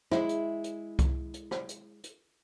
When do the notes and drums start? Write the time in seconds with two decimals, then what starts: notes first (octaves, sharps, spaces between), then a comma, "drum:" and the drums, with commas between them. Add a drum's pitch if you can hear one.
0.11 G#3 E4, drum: rim click
0.29 drum: hi-hat
0.64 drum: hi-hat
0.99 drum: kick C2, hi-hat
1.34 drum: hi-hat
1.51 drum: rim click
1.69 drum: hi-hat
2.04 drum: hi-hat